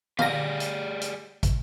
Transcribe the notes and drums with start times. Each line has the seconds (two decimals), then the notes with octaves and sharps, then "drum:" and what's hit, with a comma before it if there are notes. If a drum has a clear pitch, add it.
0.19 G4 G#4 D5 F5 A#6, drum: tom
0.60 drum: hi-hat
1.01 drum: hi-hat
1.43 drum: kick, hi-hat